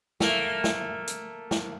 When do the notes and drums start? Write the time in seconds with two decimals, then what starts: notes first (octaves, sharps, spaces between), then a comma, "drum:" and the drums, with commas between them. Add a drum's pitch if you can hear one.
0.20 A3 A#3, drum: snare
0.64 drum: snare
1.07 drum: hi-hat
1.51 drum: snare